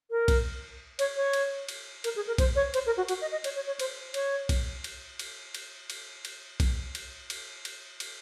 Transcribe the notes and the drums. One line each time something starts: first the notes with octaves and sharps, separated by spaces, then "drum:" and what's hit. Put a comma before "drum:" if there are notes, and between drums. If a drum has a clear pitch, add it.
A#4
drum: kick, cymbal
C#5, drum: cymbal
C#5
drum: cymbal
drum: cymbal
A#4, drum: cymbal
G#4
A#4
C5, drum: kick, cymbal
C#5
C5, drum: cymbal
A#4
F#4
F#4, drum: cymbal
D#5
D#5
C#5, drum: cymbal
C#5
C#5
C5, drum: cymbal
C#5, drum: cymbal
drum: kick, cymbal
drum: cymbal
drum: cymbal
drum: cymbal
drum: cymbal
drum: cymbal
drum: kick, cymbal
drum: cymbal
drum: cymbal
drum: cymbal
drum: cymbal